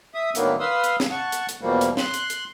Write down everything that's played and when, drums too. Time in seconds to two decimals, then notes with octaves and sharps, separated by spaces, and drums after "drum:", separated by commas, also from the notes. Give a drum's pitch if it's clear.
0.14 E5 D#6
0.35 A2 D3 D#3 F#3 A#3 B3, drum: hi-hat
0.60 B4 F5 C6 D#6 E6
0.84 drum: hi-hat
1.00 drum: snare
1.11 F#5 A5 C#6
1.32 drum: hi-hat
1.49 drum: hi-hat
1.61 E2 B2 F3 G3 A#3
1.81 drum: hi-hat
1.97 C6 F#6, drum: snare
2.14 drum: hi-hat
2.30 drum: hi-hat